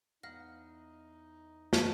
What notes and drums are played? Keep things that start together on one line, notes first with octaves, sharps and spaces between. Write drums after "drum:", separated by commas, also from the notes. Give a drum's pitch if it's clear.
E2 D#4 F5 F#5 F6 A#6
drum: snare